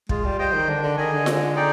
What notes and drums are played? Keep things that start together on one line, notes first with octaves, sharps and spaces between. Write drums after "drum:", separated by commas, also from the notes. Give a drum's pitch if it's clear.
G#3 F4, drum: kick
G3
G3 C5 D#5 G5
D#3
D3 D4
D3
D#3 G#4 D#5 G#5
D3
G#3, drum: snare F4
D#4 G#4 D5 G5